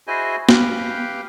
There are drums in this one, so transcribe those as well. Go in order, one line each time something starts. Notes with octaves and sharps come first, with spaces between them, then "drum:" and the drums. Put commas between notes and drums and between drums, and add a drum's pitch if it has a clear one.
E4 F#4 G#4 C5 D#5 G#5
G4 B4 F5 G5, drum: snare